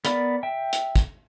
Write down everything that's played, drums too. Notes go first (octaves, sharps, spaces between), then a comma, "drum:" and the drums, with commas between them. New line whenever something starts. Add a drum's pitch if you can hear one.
B3 A#4 D5 B5, drum: hi-hat
E5 G5
drum: hi-hat
drum: kick, hi-hat